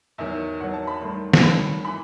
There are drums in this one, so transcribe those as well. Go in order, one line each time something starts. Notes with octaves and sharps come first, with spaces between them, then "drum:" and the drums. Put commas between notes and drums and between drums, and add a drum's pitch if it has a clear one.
E2 D#3 F#3 E5
E2 D#3 F#3 F#5
A5
B5
G2 D#3 F#3 A3 C6
drum: snare
G2 D#3 F#3 A3 B5
E3 B5